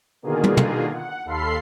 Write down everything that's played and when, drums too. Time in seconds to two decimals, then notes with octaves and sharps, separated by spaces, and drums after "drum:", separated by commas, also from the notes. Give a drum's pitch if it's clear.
0.22 B2 D3 D#3 A#3 F4 G#4
0.44 drum: tom
0.57 drum: tom
0.92 F#5
1.25 D#2 A4 F5 B5 C6 C7